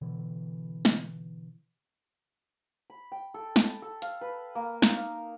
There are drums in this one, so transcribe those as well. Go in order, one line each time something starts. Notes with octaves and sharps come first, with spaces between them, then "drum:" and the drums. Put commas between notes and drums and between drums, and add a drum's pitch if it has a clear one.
B2 D3 E3
drum: snare
B5
G5
A4
B5, drum: snare
A4
F5, drum: hi-hat
B4
A#3
D#4, drum: snare
F5